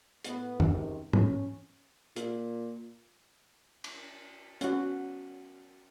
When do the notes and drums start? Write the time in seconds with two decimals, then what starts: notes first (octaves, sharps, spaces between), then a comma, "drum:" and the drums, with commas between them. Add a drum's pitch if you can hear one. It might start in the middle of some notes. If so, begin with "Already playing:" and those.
0.24 A2 B3, drum: hi-hat
0.60 C#2 C3 D#3, drum: tom
1.13 C#4, drum: tom G#2
2.16 A#2, drum: hi-hat
3.84 drum: cymbal
4.61 C#4 F#4, drum: hi-hat